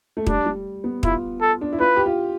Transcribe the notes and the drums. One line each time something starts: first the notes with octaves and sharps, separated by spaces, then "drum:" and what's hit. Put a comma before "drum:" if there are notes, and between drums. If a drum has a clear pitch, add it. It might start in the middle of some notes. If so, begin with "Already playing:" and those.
A3
G3 D4, drum: kick
G3
B3
E4 F4, drum: kick
A4
D4
E4
F4 B4
G4
F4